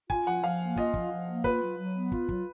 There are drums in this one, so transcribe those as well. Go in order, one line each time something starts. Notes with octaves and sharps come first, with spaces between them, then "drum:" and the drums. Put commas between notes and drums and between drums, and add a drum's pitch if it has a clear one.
F4 G#5, drum: kick
F3 F#5
F3 F5
A#3
F4 D#5, drum: kick
F3, drum: kick
F3
A#3
F4 B4, drum: kick
F#3
F#3
B3
F4, drum: kick
F#3, drum: kick